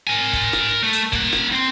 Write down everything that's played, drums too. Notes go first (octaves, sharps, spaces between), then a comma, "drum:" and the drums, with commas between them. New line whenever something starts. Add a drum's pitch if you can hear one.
A#4 G#5
drum: kick
drum: rim click
A3
drum: hi-hat
A#3 F#5, drum: kick
drum: rim click
C4 C6